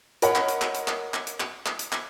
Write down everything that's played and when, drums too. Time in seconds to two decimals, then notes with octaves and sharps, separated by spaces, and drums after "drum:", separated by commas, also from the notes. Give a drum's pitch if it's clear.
0.22 A#4 C#5 D#5 F#5 B5, drum: hi-hat
0.35 drum: clap
0.48 drum: hi-hat
0.62 drum: clap
0.75 drum: hi-hat
0.88 drum: clap
1.14 drum: clap
1.27 drum: hi-hat
1.40 drum: clap
1.66 drum: clap
1.79 drum: hi-hat
1.92 drum: clap